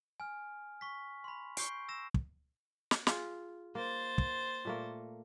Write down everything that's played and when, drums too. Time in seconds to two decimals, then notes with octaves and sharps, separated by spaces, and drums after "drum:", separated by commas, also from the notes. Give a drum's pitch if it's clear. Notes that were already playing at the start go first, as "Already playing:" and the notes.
0.20 G#5 F6
0.81 C#6 B6
1.24 B5 C6
1.57 C#6 G6 C7 D7, drum: hi-hat
1.88 E6 A#6 E7
2.14 drum: kick
2.91 drum: snare
3.07 F4 G#4, drum: snare
3.75 A#3 C5 A6
4.18 drum: kick
4.65 A#2 A3 A#3